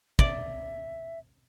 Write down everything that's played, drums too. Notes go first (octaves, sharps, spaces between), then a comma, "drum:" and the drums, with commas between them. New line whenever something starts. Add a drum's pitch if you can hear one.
D5 E5, drum: kick